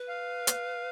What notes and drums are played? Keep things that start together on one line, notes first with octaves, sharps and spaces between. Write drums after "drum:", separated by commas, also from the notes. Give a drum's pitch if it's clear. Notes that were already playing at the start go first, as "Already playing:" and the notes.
Already playing: B4
F5
drum: hi-hat